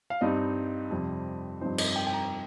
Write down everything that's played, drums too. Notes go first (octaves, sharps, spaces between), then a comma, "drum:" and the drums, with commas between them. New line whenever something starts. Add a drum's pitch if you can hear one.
F5
G2 G3 C4 D#4 D#5
F2 C3 G3 C4
G2 F3 C4 D#4 C5
D#5, drum: cymbal
G5
G5
A#5